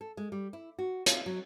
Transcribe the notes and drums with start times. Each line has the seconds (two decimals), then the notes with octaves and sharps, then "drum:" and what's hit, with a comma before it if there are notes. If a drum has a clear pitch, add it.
0.01 A4
0.17 G#3
0.32 G3
0.53 E4
0.79 F#4
1.06 F4, drum: hi-hat
1.26 F#3